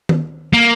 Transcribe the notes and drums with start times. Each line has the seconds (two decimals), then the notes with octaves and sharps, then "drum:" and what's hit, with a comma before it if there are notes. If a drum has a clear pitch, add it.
0.09 drum: tom D#3
0.53 A#3